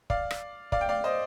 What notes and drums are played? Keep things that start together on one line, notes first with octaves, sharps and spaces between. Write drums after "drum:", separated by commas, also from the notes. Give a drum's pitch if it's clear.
D5 F5, drum: kick
drum: rim click
D5 F5, drum: kick
G5
D5 F5
C5 D#5